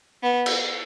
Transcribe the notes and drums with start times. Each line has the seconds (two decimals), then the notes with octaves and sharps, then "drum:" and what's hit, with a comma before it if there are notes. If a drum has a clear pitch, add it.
0.23 B3
0.46 drum: cymbal